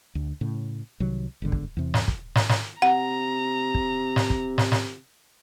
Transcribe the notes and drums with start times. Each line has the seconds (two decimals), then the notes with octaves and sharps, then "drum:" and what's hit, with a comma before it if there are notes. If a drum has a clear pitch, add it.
0.15 D2
0.41 A2 C#3
1.00 C2 C3 D#3 F#3
1.42 G1 G#2 D3
1.52 drum: kick
1.77 E2 C3
1.94 drum: snare
2.08 drum: kick
2.36 drum: snare
2.49 drum: snare
2.82 C3 F#5 A#5
3.74 drum: kick
4.16 drum: snare
4.30 drum: kick
4.58 drum: snare
4.72 drum: snare